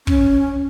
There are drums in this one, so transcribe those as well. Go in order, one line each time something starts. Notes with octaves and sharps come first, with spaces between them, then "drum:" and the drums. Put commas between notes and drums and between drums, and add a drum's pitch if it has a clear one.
C#4, drum: kick